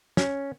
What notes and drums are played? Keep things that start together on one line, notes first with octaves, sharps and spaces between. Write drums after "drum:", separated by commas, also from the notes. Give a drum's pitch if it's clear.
C#4, drum: snare